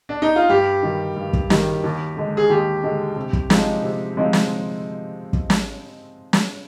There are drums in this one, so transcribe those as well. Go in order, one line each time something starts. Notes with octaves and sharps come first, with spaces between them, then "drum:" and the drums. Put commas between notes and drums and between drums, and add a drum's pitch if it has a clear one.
D4
D#4
F4
G2 G4
D#3 G3
G2
drum: kick
D#3 G3, drum: snare
D#2
D3 G#3
G#4
D#2 G4
D3 G#3
C3
drum: kick
F3 G#3 C4 D#4, drum: snare
C3
F3 G#3 C4 D#4
drum: snare
drum: kick
drum: snare
drum: snare